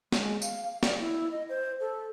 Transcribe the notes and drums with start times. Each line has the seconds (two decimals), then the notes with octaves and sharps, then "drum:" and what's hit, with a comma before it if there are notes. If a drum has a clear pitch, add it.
0.12 G#3, drum: snare
0.42 F5, drum: tambourine
0.64 F5
0.83 D5, drum: snare
1.00 E4
1.31 D#5
1.49 C5
1.80 A4